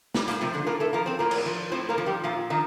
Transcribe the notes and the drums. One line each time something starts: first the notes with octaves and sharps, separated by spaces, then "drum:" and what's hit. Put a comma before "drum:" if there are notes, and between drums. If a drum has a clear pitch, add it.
A2 G3, drum: snare
A#2 A#3, drum: hi-hat
C3 F3 C4
D3 D4
A2 A#3 A#4
A3 A4
F3 A#3 A#4
C4 C5
A2 A#3 A#4
drum: cymbal
F3
A2 C4 C5
A#3 A#4
F3
G3 G4
A#2 F3 F4
D#3 F3 D#4